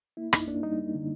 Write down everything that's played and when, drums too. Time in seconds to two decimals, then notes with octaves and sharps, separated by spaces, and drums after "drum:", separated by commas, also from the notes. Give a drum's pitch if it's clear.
0.17 A#3 E4
0.33 F#2 D#4, drum: rim click
0.47 A#3 D4
0.63 G3 D#4
0.78 G3
0.95 D3